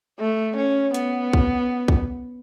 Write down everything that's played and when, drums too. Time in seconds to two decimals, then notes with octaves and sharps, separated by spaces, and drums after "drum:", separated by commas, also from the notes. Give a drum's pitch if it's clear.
0.20 A3
0.57 C#4
0.94 B3, drum: hi-hat
1.33 drum: kick
1.88 drum: kick